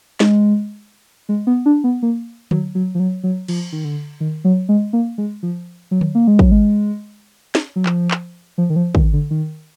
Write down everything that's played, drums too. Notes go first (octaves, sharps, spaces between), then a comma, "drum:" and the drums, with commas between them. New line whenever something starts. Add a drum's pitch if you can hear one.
G#3, drum: snare
G#3
B3
D4
B3
A#3
F#3, drum: tom D3
F#3
F3
F#3
F#3
F3, drum: cymbal
D#3
D3
D#3
F#3
G#3
A#3
G#3
F3
F#3
drum: tom D3
A#3
G#3
F#3, drum: kick
G#3
drum: snare
F#3
F3, drum: clap
drum: clap
F3
D#3
F3
D#3, drum: kick
D3
D#3